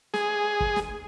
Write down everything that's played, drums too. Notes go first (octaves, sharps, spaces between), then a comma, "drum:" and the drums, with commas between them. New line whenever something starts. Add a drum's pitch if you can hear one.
G#4, drum: snare
drum: kick
drum: snare